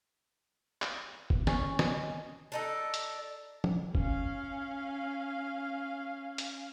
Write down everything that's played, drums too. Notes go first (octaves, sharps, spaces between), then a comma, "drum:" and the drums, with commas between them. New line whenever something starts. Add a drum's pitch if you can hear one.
drum: clap
drum: kick
C#4, drum: snare
D#5, drum: snare
D4 D#4 A4
drum: hi-hat
drum: tom
C#4 F5, drum: kick
drum: hi-hat